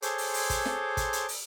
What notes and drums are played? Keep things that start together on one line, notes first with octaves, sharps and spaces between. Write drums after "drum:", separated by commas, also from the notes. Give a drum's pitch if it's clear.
G#4 A4 C5 C#5 C6 D6, drum: hi-hat
drum: open hi-hat
drum: open hi-hat
drum: kick, hi-hat
drum: snare
drum: kick, hi-hat
drum: hi-hat
drum: open hi-hat